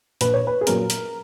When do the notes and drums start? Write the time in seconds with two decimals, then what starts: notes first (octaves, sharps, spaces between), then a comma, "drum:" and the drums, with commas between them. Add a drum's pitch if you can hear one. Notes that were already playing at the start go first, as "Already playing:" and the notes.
0.21 A#1 B4, drum: hi-hat
0.34 C#5
0.47 B4
0.61 G#4
0.67 A#2 F#3 C#4 A#4, drum: hi-hat
0.90 drum: hi-hat